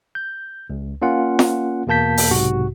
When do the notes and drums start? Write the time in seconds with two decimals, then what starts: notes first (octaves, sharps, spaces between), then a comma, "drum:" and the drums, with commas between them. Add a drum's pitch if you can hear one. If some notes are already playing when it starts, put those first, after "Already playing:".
0.15 G6
0.70 C#2
1.02 A#3 C#4 F4 F#5
1.39 drum: snare F4
1.87 E2 B2 A#3 A5 G6 B6
2.17 drum: open hi-hat
2.31 B1 G#2 C3 F#4